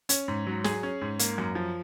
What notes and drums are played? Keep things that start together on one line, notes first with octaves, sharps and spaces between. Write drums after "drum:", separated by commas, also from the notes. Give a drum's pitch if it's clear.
C#4, drum: hi-hat
G#2
F#3
G#4, drum: snare
C#4
G#2
A#3, drum: hi-hat
F#2
F3